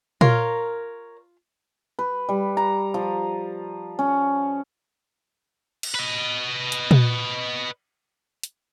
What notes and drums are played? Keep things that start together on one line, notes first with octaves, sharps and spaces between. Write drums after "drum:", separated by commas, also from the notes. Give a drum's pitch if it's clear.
F4 A#4 C#5, drum: tom A#2
B4
G3
A#5
F3
C#4
drum: cymbal
B4 D#5
drum: hi-hat
drum: tom A#2
drum: hi-hat